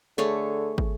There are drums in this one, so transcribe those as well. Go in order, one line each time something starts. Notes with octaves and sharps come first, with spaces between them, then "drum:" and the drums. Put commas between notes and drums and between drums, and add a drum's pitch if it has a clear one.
D3 A3 G#4 C#5
drum: kick